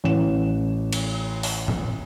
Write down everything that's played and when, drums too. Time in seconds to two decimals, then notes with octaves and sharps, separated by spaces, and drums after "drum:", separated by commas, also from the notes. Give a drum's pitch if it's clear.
0.04 A1 E7
0.93 drum: cymbal
1.43 drum: open hi-hat
1.68 drum: tom A2